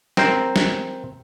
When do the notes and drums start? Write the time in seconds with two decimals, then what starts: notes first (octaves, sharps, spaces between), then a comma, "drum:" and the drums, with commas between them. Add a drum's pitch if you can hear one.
0.17 C4 A#4 C5, drum: snare
0.56 drum: snare